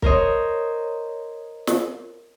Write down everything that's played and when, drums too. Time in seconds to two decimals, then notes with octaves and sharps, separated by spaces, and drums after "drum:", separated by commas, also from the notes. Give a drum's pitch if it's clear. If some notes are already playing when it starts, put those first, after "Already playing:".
0.02 A#4 C5 C#5 D#5, drum: kick
1.67 drum: snare